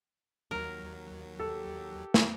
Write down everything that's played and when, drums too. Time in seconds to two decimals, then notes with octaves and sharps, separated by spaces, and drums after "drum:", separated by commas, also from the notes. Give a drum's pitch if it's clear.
0.51 D#2 F#3 A#4
1.39 G4 A4
2.14 drum: snare